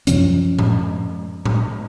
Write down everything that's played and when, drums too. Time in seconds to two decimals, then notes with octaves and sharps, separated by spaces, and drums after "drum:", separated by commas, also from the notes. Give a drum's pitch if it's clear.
0.07 F#2 C3 F3 C#4, drum: hi-hat
0.59 drum: tom A2
1.46 drum: tom A2